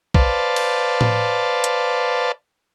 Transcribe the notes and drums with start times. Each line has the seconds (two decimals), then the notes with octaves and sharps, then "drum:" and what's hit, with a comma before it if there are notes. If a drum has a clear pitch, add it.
0.14 B4 C5 D5 F5 A5, drum: kick
0.56 drum: cymbal
1.01 drum: tom A2
1.64 drum: hi-hat